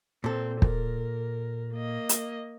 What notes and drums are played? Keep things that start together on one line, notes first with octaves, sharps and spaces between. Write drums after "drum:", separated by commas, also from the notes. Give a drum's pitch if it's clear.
A#2 C4 A4
A#4, drum: kick
A#3 D#5
drum: hi-hat